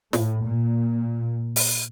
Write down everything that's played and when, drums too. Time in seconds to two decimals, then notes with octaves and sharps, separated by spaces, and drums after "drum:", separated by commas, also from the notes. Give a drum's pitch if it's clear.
0.13 A2, drum: snare
0.44 A#2
1.56 drum: open hi-hat